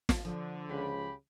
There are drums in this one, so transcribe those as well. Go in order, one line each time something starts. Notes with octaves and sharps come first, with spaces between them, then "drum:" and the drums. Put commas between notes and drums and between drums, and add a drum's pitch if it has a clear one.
drum: snare
D3 F3
C#2 C#3 G4 B5